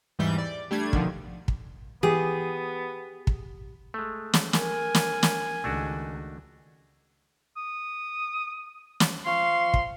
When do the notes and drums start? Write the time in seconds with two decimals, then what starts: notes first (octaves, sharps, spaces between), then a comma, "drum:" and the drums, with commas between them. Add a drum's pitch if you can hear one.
0.19 E2 G#2 E3 G3 G6
0.38 D5
0.71 G3 A3 D4 G#6
0.93 B2 D3 D#3 F3, drum: kick
1.48 drum: kick
2.03 E3 B3 G4 G#4
3.27 drum: kick
3.94 G#3 A3
4.34 drum: snare
4.53 A#4 G#5, drum: snare
4.95 drum: snare
5.23 drum: snare
5.64 C#2 D#3 A3 D4 F#4
7.57 D#6
9.00 drum: snare
9.25 F3 F5 C6 C#6
9.74 drum: kick